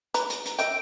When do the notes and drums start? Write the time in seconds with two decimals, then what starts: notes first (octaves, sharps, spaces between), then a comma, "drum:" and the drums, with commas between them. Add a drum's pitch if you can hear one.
0.14 B4 A#5, drum: hi-hat
0.30 drum: hi-hat
0.46 drum: hi-hat
0.59 D#5 E5 G5 D7, drum: hi-hat